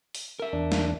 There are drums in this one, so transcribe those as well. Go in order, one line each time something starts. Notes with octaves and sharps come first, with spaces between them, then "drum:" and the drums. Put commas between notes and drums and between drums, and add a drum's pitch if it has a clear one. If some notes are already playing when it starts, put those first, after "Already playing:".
drum: open hi-hat
A#4 E5
E2 D4
drum: snare